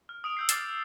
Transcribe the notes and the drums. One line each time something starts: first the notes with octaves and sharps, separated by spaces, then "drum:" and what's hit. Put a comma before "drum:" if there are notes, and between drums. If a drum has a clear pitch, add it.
F6
D#6 D7 F7
E6 G6 C7
D6 D#6 F6 A6 C7, drum: hi-hat